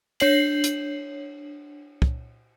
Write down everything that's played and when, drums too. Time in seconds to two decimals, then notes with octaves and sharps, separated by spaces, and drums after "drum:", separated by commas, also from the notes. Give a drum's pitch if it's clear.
0.20 D4 C#5 C7 F#7, drum: cymbal
0.64 drum: hi-hat
2.02 drum: kick